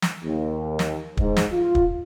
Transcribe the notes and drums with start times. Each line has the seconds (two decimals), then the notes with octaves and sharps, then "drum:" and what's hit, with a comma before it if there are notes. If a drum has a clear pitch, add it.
0.02 drum: snare
0.24 D#2
0.79 drum: snare
1.17 G#2, drum: kick
1.37 drum: snare
1.53 F4
1.75 drum: kick